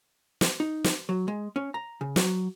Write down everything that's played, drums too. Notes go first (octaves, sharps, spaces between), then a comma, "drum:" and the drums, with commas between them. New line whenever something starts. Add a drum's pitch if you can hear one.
drum: snare
D#4
drum: snare
F#3
G#3
C#4
A#5
C#3
F#3, drum: snare